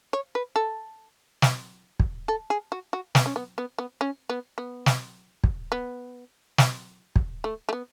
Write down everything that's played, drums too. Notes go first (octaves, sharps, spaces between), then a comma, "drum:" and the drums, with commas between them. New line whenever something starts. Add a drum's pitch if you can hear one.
C#5
B4
A4
drum: snare
drum: kick
A4
G#4
F#4
F#4
B3, drum: snare
C#4
B3
B3
B3
C#4
B3
B3
drum: snare
drum: kick
B3
drum: snare
drum: kick
A3
A3
B3